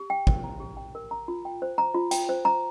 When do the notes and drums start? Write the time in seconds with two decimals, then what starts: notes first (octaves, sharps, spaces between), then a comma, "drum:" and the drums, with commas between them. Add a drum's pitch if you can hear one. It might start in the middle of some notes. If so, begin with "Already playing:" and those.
Already playing: G4
0.10 G5
0.27 A#4, drum: kick
0.44 A#5
0.60 G4
0.77 G5
0.95 A#4
1.11 A#5
1.28 F4
1.45 G5
1.62 C5
1.78 A#5
1.94 F4
2.11 G5, drum: hi-hat
2.29 C5
2.45 A#5